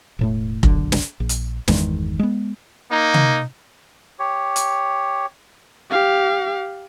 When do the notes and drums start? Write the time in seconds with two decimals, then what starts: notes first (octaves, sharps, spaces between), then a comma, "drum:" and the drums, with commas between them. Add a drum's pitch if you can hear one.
0.19 E1 A2 A3
0.63 F#1 B1 F#2 D3, drum: kick F1
0.92 drum: snare
1.20 A#1
1.29 drum: hi-hat
1.68 G1 E2 D#3 G#3, drum: snare
2.19 G#3 B3
2.90 A#3 D#4
3.14 drum: tom C3
4.19 G4 C#5
4.56 drum: hi-hat
5.90 G4 F5